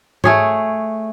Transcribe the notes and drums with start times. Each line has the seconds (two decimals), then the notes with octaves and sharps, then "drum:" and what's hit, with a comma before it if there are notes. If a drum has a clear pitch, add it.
0.24 A3 G#4 C#5, drum: tom G#2